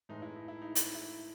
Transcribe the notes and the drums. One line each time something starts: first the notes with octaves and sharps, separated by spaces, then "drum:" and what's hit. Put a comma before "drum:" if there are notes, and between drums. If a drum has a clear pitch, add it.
A2 E3 G#3 D#4
E4
D#4
E4
D#4
drum: hi-hat
E4